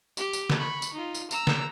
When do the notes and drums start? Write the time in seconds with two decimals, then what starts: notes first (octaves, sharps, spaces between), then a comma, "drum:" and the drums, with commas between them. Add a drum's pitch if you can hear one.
0.17 G4, drum: tambourine
0.33 drum: tambourine
0.50 drum: snare
0.59 B5 C#6
0.82 drum: tambourine
0.94 D#4 F4
1.15 drum: tambourine
1.31 A#5 E6, drum: tambourine
1.47 drum: snare